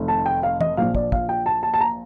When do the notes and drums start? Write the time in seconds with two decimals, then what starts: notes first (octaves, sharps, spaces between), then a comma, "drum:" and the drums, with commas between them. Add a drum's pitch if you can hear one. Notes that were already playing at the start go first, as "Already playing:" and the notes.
Already playing: F1 D#3 A3
0.08 A5
0.26 G5
0.43 F5
0.61 D#5, drum: tom
0.77 A#1 A#2 F3 F5
0.95 D5, drum: kick
1.12 F5, drum: kick
1.29 G5
1.46 A5
1.63 A5
1.74 A5
1.81 A#5